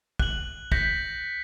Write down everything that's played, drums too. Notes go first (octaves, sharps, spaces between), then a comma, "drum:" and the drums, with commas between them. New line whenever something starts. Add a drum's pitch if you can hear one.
F#6 F#7, drum: kick
G6 A#6 B6 C#7, drum: kick